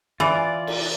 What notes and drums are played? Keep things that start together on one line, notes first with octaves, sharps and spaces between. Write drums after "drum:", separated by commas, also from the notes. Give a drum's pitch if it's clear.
E3 F4 D5
drum: cymbal